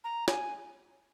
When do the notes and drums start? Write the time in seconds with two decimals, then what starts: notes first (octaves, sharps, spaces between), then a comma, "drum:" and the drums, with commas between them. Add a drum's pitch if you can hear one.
0.04 A#5
0.28 G#5, drum: snare